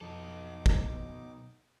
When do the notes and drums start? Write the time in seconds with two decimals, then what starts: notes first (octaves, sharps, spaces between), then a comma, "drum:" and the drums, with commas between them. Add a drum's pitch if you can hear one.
0.01 B1 F2 D#4 A4 D6
0.66 drum: kick